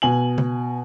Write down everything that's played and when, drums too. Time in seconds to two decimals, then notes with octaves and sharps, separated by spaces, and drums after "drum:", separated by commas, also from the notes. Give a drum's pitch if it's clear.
0.02 B2 G#5 F#7
0.38 drum: tom C#3